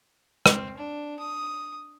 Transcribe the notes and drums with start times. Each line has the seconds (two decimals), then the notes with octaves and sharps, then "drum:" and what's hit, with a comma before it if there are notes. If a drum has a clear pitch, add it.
0.46 C4, drum: rim click
0.77 D4
1.19 D#6